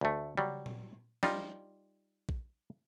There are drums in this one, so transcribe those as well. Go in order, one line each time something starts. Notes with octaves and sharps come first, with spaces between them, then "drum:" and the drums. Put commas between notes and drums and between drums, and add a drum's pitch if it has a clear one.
D2 A3
F#3 G3, drum: tom C#3
drum: tom A#2
G3 D#4 F4, drum: snare
drum: kick A#1